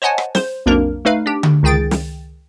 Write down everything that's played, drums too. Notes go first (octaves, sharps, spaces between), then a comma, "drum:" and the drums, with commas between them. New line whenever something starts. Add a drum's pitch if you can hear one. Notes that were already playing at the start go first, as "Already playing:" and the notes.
C5 C#5 D#5 F#5 G#5 A5
drum: rim click
C5, drum: snare
B1 F2 A#3 D4 A#4
A3 D#4 B4 F5
D4 G4
drum: tom D3
C#2 D#3 G#4 G5 A6 D7
drum: snare